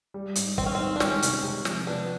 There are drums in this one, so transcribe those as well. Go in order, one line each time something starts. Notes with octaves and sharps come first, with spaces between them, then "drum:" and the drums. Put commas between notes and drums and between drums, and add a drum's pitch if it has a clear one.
G3
G#2, drum: hi-hat
B3 C4, drum: kick
C#4
D#3 C4
D4
G#3 C#4, drum: snare
C3, drum: hi-hat
C3
F3, drum: snare
B3 D4